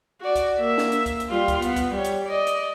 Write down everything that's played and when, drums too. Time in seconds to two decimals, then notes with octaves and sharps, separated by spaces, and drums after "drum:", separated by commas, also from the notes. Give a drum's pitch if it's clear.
0.21 F#4 D5
0.36 drum: kick C#2, hi-hat
0.58 A#3 E5
0.78 drum: snare
0.92 drum: hi-hat
1.06 drum: kick C#2, hi-hat
1.20 drum: hi-hat
1.29 G3 F4
1.48 drum: kick C#2, hi-hat
1.62 B3, drum: hi-hat
1.76 drum: kick C#2, hi-hat
1.94 G3 C#5
2.05 drum: hi-hat
2.25 D5 D#5
2.47 drum: hi-hat